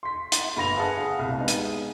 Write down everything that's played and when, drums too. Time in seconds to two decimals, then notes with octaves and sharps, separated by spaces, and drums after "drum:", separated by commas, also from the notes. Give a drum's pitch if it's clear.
0.03 C6 B6
0.32 drum: hi-hat
0.56 G1 B5 A#6 F7
0.76 G#4 B4 F5 F#5 A5 D#6
0.97 F5
1.19 C2
1.37 G#3 B3 D#4
1.48 drum: hi-hat